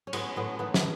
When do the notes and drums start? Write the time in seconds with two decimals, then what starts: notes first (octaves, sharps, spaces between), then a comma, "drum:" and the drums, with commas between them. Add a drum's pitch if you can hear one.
0.07 C#4
0.13 A2 G#3 B3, drum: cymbal
0.36 A2 G#3 B3
0.59 E3 B3 D#4
0.74 drum: snare